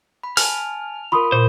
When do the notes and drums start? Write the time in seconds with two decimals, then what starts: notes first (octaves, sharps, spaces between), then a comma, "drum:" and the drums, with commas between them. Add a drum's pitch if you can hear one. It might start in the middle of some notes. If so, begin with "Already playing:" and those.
0.23 B5
0.37 G#5 A5 F6, drum: open hi-hat
1.12 F4 A#4 B5 C6 D#6
1.32 A#2 C5